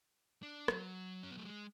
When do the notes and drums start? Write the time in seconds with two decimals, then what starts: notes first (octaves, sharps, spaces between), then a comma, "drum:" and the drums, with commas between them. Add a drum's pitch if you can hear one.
0.43 D4
0.68 F#3, drum: rim click
1.23 C#4
1.30 B3
1.38 A3
1.45 G#3